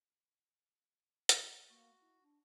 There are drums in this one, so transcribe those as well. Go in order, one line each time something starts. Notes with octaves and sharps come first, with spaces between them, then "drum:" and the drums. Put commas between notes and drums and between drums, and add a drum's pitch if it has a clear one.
drum: hi-hat
A#3 F#4
E4
D4